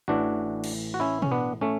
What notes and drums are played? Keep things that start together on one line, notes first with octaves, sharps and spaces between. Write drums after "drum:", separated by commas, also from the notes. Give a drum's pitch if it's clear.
A1 A2 E3 D4 F#4
drum: cymbal
F#4
C#4 E4
C#4, drum: tom B2
B3 D4
A3 C#4